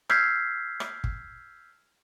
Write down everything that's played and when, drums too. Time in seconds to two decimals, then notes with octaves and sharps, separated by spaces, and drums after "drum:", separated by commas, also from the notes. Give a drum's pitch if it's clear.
0.10 E6 F6 G6 G#6 B6 C7, drum: rim click
0.80 drum: rim click
1.04 drum: kick